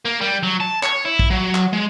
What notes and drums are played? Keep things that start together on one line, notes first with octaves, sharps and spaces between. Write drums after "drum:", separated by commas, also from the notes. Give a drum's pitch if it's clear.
A#3
G3
F#3
A5
C#5, drum: clap
E4
drum: kick
F#3
drum: clap
G#3